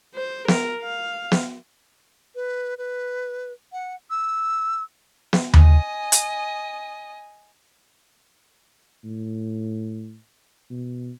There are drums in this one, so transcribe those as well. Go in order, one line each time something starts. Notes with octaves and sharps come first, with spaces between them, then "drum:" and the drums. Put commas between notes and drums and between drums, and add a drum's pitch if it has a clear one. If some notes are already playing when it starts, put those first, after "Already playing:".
C5
A#4, drum: snare
F5
drum: snare
B4
B4
F#5
E6
drum: snare
D#5 G#5, drum: tom D#2
drum: hi-hat
A2
B2